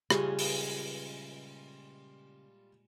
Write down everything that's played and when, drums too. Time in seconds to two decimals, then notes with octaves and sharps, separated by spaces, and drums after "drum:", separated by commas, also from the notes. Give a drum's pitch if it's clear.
0.10 A#2 C#3 G3 G#3 F4 G4 D#5, drum: rim click
0.39 drum: open hi-hat